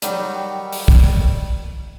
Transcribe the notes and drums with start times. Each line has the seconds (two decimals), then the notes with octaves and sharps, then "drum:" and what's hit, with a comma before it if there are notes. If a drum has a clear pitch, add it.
0.02 D#3 F#3 G3, drum: hi-hat
0.72 drum: open hi-hat
0.88 drum: kick